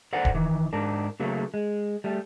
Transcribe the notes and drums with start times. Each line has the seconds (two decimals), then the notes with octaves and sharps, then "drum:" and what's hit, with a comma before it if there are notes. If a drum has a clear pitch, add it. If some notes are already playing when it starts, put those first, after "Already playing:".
0.13 A4 A#4 C5 D5 F#5
0.25 drum: kick D1
0.35 D#3 E3
0.73 G#2 D4 A#4
1.20 C#3 F#3 A3 A#3
1.54 G#3
2.04 G3 A3